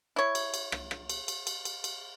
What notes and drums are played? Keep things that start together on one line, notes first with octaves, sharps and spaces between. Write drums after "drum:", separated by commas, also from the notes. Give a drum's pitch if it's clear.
E4 C#5
drum: cymbal
drum: cymbal
drum: rim click
drum: rim click
drum: cymbal
drum: cymbal
drum: cymbal
drum: cymbal
drum: cymbal